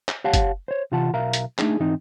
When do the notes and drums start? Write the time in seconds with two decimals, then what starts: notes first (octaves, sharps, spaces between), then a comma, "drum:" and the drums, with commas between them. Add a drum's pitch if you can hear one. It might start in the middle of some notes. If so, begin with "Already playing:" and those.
0.09 drum: clap
0.24 G4 C#5 F5 F#5 A5
0.33 drum: kick, hi-hat
0.68 C5 C#5
0.92 C3 E3 F4 F#5 A5
1.13 B1 A#4 E5 F5 A#5
1.33 drum: hi-hat
1.58 A3 D4 D#4 G#4, drum: clap
1.80 G#2 E3 C4 D#4